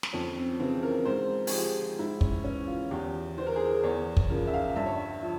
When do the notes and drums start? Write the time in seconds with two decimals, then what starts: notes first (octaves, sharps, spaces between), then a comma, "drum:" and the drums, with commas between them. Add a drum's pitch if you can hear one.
0.03 drum: snare
0.13 F2 C#4
0.37 C4
0.60 C#3 E3 C4
0.83 A#4
1.05 G#2 C5
1.47 G#4, drum: open hi-hat
1.52 F3 G4
1.99 G#2 E4
2.21 C#4, drum: kick
2.44 E3 C#4
2.68 F4
2.91 E2 G4
3.37 E3 C5
3.47 A#4
3.56 G#4
3.65 A#4
3.84 E2 C#5
4.17 drum: kick
4.30 C#3 F3 A#4
4.47 E5
4.54 F5
4.76 G2 E5
4.86 C#5
4.96 E5
5.23 F3 E5